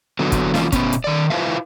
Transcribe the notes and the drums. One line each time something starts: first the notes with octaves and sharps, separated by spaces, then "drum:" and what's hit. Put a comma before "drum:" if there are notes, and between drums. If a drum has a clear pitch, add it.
D3 F#3 B3
drum: kick, hi-hat
E3 F3 A#3 C#4 F4, drum: snare
B2 B3 C#4, drum: kick, hi-hat
drum: hi-hat
D#3 D5
E4 F4 B4 C5 E5 F5